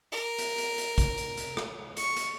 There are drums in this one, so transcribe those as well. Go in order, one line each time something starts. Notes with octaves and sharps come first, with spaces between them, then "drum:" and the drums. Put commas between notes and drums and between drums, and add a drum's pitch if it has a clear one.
A#4
drum: hi-hat
drum: hi-hat
drum: hi-hat
drum: kick, hi-hat
drum: hi-hat
drum: hi-hat
drum: rim click
C#6, drum: hi-hat
drum: hi-hat